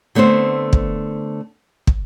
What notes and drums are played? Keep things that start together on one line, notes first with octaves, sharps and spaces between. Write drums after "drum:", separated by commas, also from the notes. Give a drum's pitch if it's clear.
D3 A3 B3 C4 C5
drum: kick
drum: kick